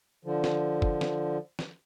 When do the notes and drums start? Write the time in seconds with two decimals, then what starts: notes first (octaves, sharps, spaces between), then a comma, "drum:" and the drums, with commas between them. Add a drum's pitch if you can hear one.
0.25 D3 F3
0.44 drum: snare
0.82 drum: kick
1.01 drum: snare
1.59 drum: snare